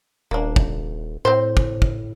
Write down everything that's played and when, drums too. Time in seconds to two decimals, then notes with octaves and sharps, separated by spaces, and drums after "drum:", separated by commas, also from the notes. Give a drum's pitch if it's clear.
0.31 D#1 A#3 D4
0.56 drum: kick
1.25 A2 C4 C5
1.57 drum: kick
1.82 drum: kick